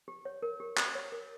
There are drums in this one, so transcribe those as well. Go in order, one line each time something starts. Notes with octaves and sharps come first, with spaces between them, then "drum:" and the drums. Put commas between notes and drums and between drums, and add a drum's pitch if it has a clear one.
G4
C#5
A#4
G4
G4, drum: clap
C#5
A#4